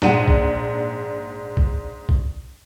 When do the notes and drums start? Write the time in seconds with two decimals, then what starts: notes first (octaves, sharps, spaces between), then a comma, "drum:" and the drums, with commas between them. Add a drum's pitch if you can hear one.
0.02 A#1 G#2 D4 F#5 D#7, drum: snare
0.28 drum: kick
1.57 drum: kick
2.09 drum: kick